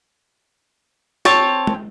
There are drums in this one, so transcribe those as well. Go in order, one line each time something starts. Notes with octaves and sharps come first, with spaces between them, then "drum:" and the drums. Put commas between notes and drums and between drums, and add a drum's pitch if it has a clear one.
C4 C#5 A5, drum: snare
drum: tom